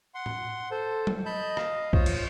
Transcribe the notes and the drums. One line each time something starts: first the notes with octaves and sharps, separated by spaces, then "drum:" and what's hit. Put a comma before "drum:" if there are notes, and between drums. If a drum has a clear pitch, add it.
F#5 C6
drum: tom A2
A4 C5
drum: tom F#3
D#5 A5 B5 G6
F5, drum: rim click
F4 C5 C#5, drum: kick
drum: cymbal